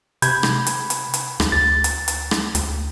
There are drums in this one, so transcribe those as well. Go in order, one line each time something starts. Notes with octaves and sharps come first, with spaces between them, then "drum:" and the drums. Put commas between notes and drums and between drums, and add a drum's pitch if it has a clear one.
C3 B5 G6 G#6, drum: hi-hat
drum: rim click
drum: hi-hat
drum: hi-hat
drum: hi-hat
D2, drum: rim click
D2 A6
drum: hi-hat
drum: hi-hat
drum: rim click
D2, drum: hi-hat